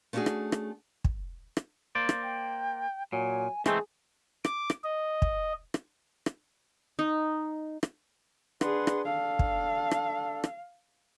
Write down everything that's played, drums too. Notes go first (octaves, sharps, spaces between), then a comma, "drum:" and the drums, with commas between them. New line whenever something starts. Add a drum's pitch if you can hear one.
A3 C#4 D4 F4 F#4 G#4
drum: rim click
drum: rim click
drum: kick
drum: rim click
A#3 C5 D5
drum: rim click
G5
A#2 F#3 G#5
E3 G#3 A3 C4 G#4, drum: rim click
D6, drum: rim click
drum: rim click
D#5
drum: kick
drum: rim click
drum: rim click
D#4
drum: rim click
D4 G#4 B4 F#5 C6, drum: rim click
drum: rim click
D4 A4 F5
drum: kick
drum: rim click
drum: rim click